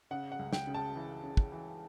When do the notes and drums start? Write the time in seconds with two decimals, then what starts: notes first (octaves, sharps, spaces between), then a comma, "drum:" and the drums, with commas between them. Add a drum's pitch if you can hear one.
0.11 C#3 F#5
0.32 F#5
0.39 C#2
0.53 G5, drum: snare
0.67 C#3
0.74 A5
0.96 E3
1.23 C#3
1.37 drum: kick
1.52 E3